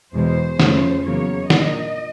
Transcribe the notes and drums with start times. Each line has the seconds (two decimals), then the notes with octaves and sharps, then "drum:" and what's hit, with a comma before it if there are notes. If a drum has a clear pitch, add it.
0.14 E2 B2 G#3 C5
0.60 F2 C#3 F3 A3 C#4, drum: snare
1.05 E2 C#3 F#3 A#3 C#5
1.50 A#2 F3 A#3 D4 D#5, drum: snare